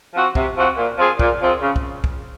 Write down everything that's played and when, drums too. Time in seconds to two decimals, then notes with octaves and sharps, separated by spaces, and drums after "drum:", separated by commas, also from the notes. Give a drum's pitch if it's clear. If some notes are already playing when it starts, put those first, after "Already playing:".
0.14 F3 C4 F#4
0.35 C3, drum: kick
0.57 F3 C4 F#4
0.77 A#2
0.98 F3 C4 F4 G#4
1.19 A#2, drum: kick
1.40 F3 C4 F4 G#4
1.61 C#3
1.76 drum: kick
2.04 drum: kick